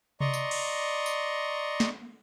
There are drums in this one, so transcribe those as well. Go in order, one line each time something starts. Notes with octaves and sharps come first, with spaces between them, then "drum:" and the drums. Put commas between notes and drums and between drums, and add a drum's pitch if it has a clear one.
D5 D#5 A#5 C6 C#6, drum: tom C3
drum: tambourine
drum: cymbal
drum: tambourine
drum: snare